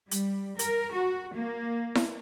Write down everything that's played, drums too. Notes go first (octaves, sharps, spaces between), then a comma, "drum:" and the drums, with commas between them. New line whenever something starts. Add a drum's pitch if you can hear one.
G3, drum: hi-hat
A#4, drum: hi-hat
F#4
A#3
drum: snare E4